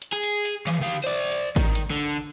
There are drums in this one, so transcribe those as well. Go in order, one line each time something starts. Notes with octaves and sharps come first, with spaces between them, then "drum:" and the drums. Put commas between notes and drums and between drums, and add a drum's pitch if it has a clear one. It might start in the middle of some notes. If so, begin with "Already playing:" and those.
drum: hi-hat
G#4
drum: hi-hat
drum: hi-hat
E3 F3, drum: hi-hat
D#3 F5
C5 D5
drum: hi-hat
D#3, drum: kick, hi-hat
drum: hi-hat
D3